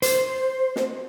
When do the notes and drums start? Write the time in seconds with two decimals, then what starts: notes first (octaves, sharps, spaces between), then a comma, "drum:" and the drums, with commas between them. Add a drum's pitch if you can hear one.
0.02 C5, drum: hi-hat
0.76 drum: snare